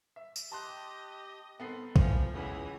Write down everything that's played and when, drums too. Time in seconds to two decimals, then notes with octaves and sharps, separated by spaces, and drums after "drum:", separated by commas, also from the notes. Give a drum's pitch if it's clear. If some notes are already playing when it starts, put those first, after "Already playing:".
0.16 E5
0.36 drum: tambourine
0.52 G4 D#5 A5 C6 F#6
1.60 D#3 B3 C4 A4 C7
1.96 E3 F3, drum: kick
2.34 C#2 E3 F#4 D#6